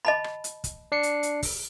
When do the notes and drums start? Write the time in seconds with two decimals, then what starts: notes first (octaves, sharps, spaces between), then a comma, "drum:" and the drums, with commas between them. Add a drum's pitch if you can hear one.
0.05 D#5 A5 B5
0.24 drum: rim click
0.44 drum: hi-hat
0.64 drum: kick, hi-hat
0.92 D4 C7 C#7
1.03 drum: hi-hat
1.23 drum: hi-hat
1.43 drum: kick, open hi-hat